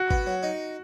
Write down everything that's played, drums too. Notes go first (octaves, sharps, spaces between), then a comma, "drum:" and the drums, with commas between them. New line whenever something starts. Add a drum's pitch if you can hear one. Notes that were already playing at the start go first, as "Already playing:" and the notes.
Already playing: F#4
B3, drum: kick G#1
F#3
D#4